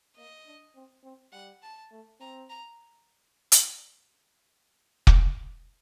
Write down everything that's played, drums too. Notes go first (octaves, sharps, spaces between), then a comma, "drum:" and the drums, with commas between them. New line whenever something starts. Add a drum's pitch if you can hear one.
A#3 D#5
D4
C4
C4
G3 F#5
A5
A3
C4 A#5
A#5
drum: hi-hat
drum: kick